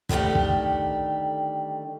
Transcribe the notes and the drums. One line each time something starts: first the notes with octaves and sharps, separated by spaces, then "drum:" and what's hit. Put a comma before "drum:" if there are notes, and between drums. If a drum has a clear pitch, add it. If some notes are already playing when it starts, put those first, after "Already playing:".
D3 D#3 G3 A3 G4, drum: kick
drum: kick